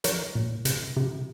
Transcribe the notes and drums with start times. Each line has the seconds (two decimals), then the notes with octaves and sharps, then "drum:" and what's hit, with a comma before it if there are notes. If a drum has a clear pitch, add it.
0.04 F3 A#4 C#5, drum: hi-hat
0.35 A#2
0.65 C3, drum: hi-hat
0.97 C3